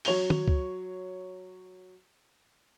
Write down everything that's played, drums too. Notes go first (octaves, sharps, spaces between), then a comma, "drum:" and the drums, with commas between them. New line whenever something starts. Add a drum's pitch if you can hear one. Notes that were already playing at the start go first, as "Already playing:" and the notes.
F#3 C#5 F7 G7, drum: open hi-hat
drum: tom
drum: kick C#2